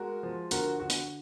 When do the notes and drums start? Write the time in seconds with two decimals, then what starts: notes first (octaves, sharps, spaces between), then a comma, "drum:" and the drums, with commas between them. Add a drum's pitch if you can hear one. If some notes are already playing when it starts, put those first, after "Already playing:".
Already playing: G#3 F#4 A#4
0.23 F3
0.51 D3 F#4 A#4, drum: hi-hat
0.80 D3 F#4
0.90 drum: hi-hat